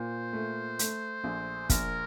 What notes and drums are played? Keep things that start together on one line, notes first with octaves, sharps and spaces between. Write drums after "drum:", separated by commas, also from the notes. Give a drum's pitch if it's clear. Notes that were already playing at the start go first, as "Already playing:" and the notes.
Already playing: A#2 C5
A3
A3, drum: hi-hat
A#1
A#1 A#4, drum: kick, hi-hat